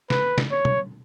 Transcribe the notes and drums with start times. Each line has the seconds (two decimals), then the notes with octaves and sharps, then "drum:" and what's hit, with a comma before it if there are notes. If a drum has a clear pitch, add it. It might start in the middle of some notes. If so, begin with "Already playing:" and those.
0.10 B4, drum: snare
0.38 drum: snare
0.51 C#5
0.65 drum: tom